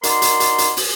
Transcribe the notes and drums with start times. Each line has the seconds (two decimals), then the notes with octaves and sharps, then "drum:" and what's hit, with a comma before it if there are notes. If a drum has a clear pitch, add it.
0.03 D#4 F#4 A#4 D5 C6, drum: hi-hat
0.22 drum: hi-hat
0.40 drum: hi-hat
0.58 drum: hi-hat
0.77 drum: open hi-hat